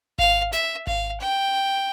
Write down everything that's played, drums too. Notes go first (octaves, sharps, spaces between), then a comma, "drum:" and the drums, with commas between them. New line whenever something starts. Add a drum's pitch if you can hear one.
F5, drum: kick G#1
E5, drum: snare
F5, drum: kick G#1
G5